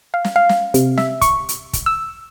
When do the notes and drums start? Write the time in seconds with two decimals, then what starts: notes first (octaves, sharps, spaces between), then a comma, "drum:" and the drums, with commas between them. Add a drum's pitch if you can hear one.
0.14 F5
0.25 drum: snare
0.36 F5
0.49 drum: snare
0.74 C3, drum: hi-hat
0.98 E5, drum: snare
1.21 C#6, drum: kick, hi-hat
1.49 drum: hi-hat
1.73 drum: kick, hi-hat
1.86 E6